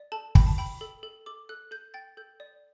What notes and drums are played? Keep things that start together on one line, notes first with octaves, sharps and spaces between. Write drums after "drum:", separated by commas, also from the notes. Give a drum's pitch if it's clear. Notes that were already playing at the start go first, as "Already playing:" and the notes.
Already playing: D5
A4 A5
G5 B5, drum: kick
A5
G5 B5
A4
A4
A4 D6
A4 F#6
A4 G6
G5 A6
A4 G6
D5